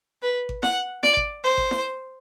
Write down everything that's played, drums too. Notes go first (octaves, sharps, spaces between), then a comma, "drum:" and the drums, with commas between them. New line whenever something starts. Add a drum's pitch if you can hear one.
B4
drum: kick G#1
F#5, drum: snare E4
D5, drum: snare E4
drum: kick G#1
C5
drum: kick G#1
drum: snare E4